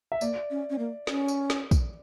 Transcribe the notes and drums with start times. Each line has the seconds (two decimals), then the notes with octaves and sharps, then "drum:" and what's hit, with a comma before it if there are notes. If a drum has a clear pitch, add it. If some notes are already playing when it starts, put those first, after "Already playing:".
0.12 E5
0.21 A#3 D5, drum: tambourine
0.50 C#4
0.70 C#4
0.78 A#3
1.07 C#4, drum: snare
1.28 drum: tambourine
1.50 drum: snare
1.71 drum: kick, tambourine